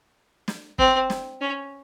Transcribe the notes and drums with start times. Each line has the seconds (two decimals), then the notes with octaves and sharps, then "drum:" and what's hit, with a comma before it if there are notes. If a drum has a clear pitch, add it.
0.48 drum: snare
0.78 C4, drum: kick
1.10 drum: snare
1.41 C#4